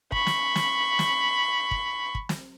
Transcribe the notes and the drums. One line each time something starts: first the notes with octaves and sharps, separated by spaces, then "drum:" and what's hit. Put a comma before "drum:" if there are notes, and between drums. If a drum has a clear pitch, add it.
B5 C#6, drum: kick
drum: snare
drum: snare
drum: snare
drum: kick
drum: kick
drum: snare